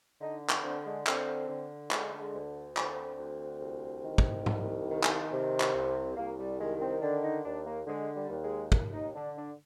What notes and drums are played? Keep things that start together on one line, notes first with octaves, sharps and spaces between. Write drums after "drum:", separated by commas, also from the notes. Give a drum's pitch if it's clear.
D3 D#4
drum: clap
D3 C4
G#3
D3 C4, drum: clap
D3
D3 G#3, drum: clap
G#3
D2
D3 C4, drum: clap
D2
C2
D#3
drum: kick
C2, drum: tom G#2
D#3
drum: clap
C3
drum: clap
C2
C2 A#3
G3
D#3 G#3
C4
D3 D4
D#4
D#2 D4
A#3
D3 G#3
G3
D#2
G#3
D#2, drum: kick
D#4
D3 D4
D4